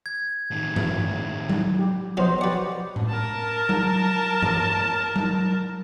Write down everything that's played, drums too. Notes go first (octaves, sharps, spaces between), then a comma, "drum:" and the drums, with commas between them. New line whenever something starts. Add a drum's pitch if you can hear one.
G#6
A2 D#3
drum: tom G2
drum: tom F#3
G4
F3 F#3 B3 C5 D#5
F#4 G4 B4 D5 F#5
drum: tom A2
A#4 A5
drum: tom F#3
drum: tom G2
drum: tom F#3